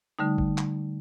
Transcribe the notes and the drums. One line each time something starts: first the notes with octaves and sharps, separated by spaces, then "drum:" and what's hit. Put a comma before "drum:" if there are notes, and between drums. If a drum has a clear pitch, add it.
D3 G3 A3 D#4
drum: kick
drum: clap